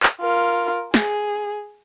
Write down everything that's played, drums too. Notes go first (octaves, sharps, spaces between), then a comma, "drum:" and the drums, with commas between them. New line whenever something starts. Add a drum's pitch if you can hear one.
drum: clap
F4 A#4
G#4, drum: snare